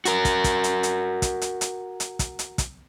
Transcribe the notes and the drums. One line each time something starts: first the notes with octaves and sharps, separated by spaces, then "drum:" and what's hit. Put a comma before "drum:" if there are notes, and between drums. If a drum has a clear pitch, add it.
F#4 A#4, drum: hi-hat
drum: kick, hi-hat
drum: kick, hi-hat
drum: hi-hat
drum: hi-hat
drum: kick, hi-hat
drum: hi-hat
drum: hi-hat
drum: hi-hat
drum: kick, hi-hat
drum: hi-hat
drum: kick, hi-hat